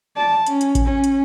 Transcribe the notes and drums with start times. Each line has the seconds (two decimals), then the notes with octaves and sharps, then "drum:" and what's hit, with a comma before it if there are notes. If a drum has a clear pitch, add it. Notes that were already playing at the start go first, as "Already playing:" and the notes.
0.16 D5 A5
0.47 C#4, drum: hi-hat
0.61 drum: hi-hat
0.75 drum: kick A1, hi-hat
0.85 C#4
1.04 drum: hi-hat